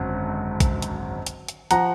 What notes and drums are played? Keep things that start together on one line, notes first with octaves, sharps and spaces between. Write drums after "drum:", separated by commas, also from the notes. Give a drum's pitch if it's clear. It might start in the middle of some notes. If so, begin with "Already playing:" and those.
Already playing: G#1 F#2 D3 F#3 F#5
drum: kick, hi-hat
drum: hi-hat
drum: hi-hat
drum: hi-hat
F3 F#5 A#5, drum: hi-hat